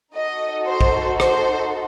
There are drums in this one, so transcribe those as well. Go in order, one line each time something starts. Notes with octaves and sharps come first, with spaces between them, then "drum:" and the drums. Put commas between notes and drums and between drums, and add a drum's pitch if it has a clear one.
D#4 F#4 A4 D#5
C5
drum: kick A#1
C5, drum: rim click